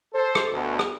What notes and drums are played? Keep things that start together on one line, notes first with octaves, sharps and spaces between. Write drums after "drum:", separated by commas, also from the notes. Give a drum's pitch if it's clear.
A4 C5
drum: rim click
D2 B2
drum: rim click